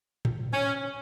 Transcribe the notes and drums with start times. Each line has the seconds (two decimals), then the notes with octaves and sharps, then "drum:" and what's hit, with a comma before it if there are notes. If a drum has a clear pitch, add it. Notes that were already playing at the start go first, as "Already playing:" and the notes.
0.25 drum: tom A2
0.53 C#4